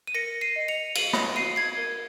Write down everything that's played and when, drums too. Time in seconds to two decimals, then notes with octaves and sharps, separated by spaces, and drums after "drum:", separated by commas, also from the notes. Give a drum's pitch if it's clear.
0.07 D#7
0.15 A#4 A#6 C#7
0.41 C7 D#7
0.56 D#5
0.68 C#7 F7
0.95 F5 D#7 F#7, drum: cymbal
1.13 drum: rim click
1.36 F5 C7 D#7
1.56 G#6 C7
1.77 A#4